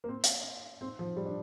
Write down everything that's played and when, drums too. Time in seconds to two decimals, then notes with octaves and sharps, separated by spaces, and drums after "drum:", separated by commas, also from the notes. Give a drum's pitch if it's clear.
0.04 A#3
0.08 C4
0.24 drum: hi-hat
0.81 C4
0.99 F3
1.17 G3
1.26 D4